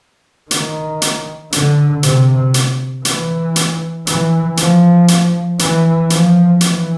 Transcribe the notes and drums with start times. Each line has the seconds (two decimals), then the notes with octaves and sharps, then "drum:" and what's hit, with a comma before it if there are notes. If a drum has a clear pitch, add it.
0.51 D#3, drum: hi-hat
1.02 drum: hi-hat
1.52 D3, drum: hi-hat
2.03 C3, drum: hi-hat
2.54 drum: hi-hat
3.05 E3, drum: hi-hat
3.56 drum: hi-hat
4.07 E3, drum: hi-hat
4.57 F3, drum: hi-hat
5.08 drum: hi-hat
5.59 E3, drum: hi-hat
6.10 F3, drum: hi-hat
6.61 E3, drum: hi-hat